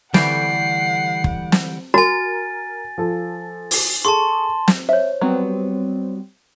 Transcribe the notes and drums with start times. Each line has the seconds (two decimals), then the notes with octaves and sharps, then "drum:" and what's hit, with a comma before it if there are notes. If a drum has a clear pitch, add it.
0.14 D3 E3 G3 A3 F#5 G6 C7 D7, drum: snare
1.24 drum: kick
1.52 drum: snare
1.94 F#4 A#4 G#5 A6
2.98 F3 A4
3.71 drum: open hi-hat
4.05 G#4 A4 A5 C6 C#6
4.68 drum: snare
4.89 C5 C#5 E5
5.21 F#3 G3 B3 C4